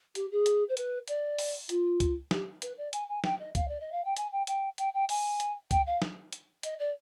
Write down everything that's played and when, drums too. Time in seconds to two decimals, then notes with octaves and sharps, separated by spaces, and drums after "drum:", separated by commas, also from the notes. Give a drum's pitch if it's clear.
0.15 G4, drum: hi-hat
0.31 G#4
0.46 drum: hi-hat
0.69 C5
0.77 B4, drum: hi-hat
1.08 D5, drum: hi-hat
1.38 drum: open hi-hat
1.69 F4, drum: hi-hat
2.00 drum: kick C#2, hi-hat
2.31 G4, drum: snare
2.62 B4, drum: hi-hat
2.77 D5
2.93 G#5, drum: hi-hat
3.09 G#5
3.24 G5, drum: snare
3.39 D#5
3.55 F5, drum: kick C#2, hi-hat
3.68 D5
3.80 D#5
3.92 F5
4.05 G5
4.17 G#5, drum: hi-hat
4.32 G5
4.47 G5, drum: hi-hat
4.78 G5, drum: hi-hat
4.94 G5
5.09 G#5, drum: open hi-hat
5.40 drum: hi-hat
5.71 G5, drum: kick C#2, hi-hat
5.86 F5
6.02 drum: snare
6.33 drum: hi-hat
6.63 D#5, drum: hi-hat
6.79 D5